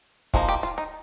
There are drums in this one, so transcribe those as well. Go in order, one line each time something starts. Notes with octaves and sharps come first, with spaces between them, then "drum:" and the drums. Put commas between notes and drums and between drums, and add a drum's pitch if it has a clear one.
F3 A#3 D#4 G#4, drum: kick
G4
F4
D#4